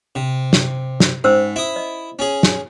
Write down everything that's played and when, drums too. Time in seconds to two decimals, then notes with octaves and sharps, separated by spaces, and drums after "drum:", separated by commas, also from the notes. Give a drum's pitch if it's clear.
0.15 C3
0.53 drum: snare
1.00 drum: snare
1.24 G#2 C#4 C5 E6
1.56 E4 D#6
1.76 D#5
2.19 C#4 G#4
2.43 drum: snare